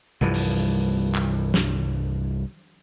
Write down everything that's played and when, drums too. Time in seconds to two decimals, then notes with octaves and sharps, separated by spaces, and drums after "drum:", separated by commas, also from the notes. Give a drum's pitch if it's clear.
0.21 C2 G2 E3 F3
0.34 drum: open hi-hat
1.15 drum: clap
1.54 drum: snare